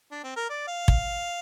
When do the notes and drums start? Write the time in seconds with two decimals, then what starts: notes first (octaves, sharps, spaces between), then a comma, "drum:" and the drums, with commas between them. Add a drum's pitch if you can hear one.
0.12 D4
0.24 C4
0.36 A#4
0.50 D5
0.67 F5
0.88 drum: kick